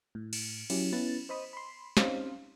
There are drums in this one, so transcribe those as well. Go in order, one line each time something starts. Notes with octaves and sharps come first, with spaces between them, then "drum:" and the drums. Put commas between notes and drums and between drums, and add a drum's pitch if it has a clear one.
A2
drum: cymbal
F#3 C#4 E4 G4, drum: cymbal
B3 C#4 E4 B4 A6
C5 D#5 B5 D#6
B5 C6
C4 C#4 D#4 G4 C5 F5, drum: snare